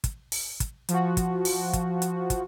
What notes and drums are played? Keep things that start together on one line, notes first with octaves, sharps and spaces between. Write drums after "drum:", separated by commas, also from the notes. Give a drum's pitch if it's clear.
drum: kick, hi-hat
drum: open hi-hat
drum: kick, hi-hat
F3 F#4, drum: hi-hat
drum: kick, hi-hat
drum: open hi-hat
drum: kick, hi-hat
drum: hi-hat
drum: kick, hi-hat